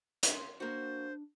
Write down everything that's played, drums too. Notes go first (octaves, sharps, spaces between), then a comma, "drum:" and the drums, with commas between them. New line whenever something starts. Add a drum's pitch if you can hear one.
C6, drum: hi-hat
A#3 D4 F#4 C5